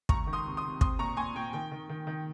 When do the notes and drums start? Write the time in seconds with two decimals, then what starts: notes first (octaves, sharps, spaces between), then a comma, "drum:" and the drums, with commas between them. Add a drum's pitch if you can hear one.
0.09 C#2 A#5 C#6, drum: kick
0.27 D#3
0.33 C6 D#6
0.46 C3
0.57 C6 D#6
0.63 C3
0.81 C4 C6 D#6, drum: kick
0.99 A#2 A#5 C#6
1.17 A#2 G#5 C6
1.35 A#2 G5
1.53 D#3 G5
1.71 D#3
1.89 D#3
2.07 D#3